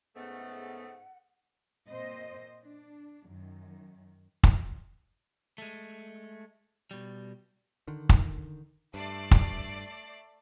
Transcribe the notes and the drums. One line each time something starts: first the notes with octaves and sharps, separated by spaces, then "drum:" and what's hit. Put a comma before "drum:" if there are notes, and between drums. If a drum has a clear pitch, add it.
G#2 C#3 A3 B3 F#5
A#2 C4 C5 D#5
D4
F#2 D#3
drum: kick
G#3 A3
B2 G3
D3 D#3
drum: kick
G2 A3 D5 C7
drum: kick